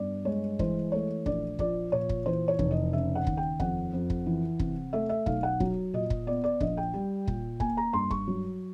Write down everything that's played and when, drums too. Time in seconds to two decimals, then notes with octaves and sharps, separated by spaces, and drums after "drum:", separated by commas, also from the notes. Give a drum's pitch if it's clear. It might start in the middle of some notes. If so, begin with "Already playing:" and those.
Already playing: G2 B3 D5
0.25 G#3 C#5
0.59 E3 C5, drum: kick
0.92 A3 C#5
1.26 A#1 D5, drum: kick
1.59 F3 D5, drum: kick
1.92 A#2 C#5
2.09 drum: kick
2.26 E3 C5
2.48 C#5
2.59 F1, drum: kick
2.71 D#5
2.93 C#3 E5
3.15 F#5
3.27 D#2, drum: kick
3.37 G5
3.60 F2 F#5, drum: kick
3.94 F2
4.10 drum: kick
4.26 E3
4.59 C3, drum: kick
4.93 A3 E5
5.09 E5
5.26 B1 F5, drum: kick
5.43 F#5
5.60 F#3, drum: kick
5.93 A#2 D#5
6.10 drum: kick
6.27 B3 D5
6.44 D5
6.60 A#1 D#5, drum: kick
6.77 G5
6.94 G3
7.28 A#2, drum: kick
7.60 A#3 G#5, drum: kick
7.77 A#5
7.93 G2 C6
8.11 C#6, drum: kick
8.28 F#3